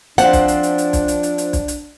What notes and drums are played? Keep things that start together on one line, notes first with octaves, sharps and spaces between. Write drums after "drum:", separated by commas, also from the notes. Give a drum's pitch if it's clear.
F3 C4 D4 F#5, drum: hi-hat
drum: kick B1, hi-hat
drum: hi-hat
drum: hi-hat
drum: hi-hat
drum: kick B1, hi-hat
drum: hi-hat
drum: hi-hat
drum: hi-hat
drum: kick B1, hi-hat
drum: hi-hat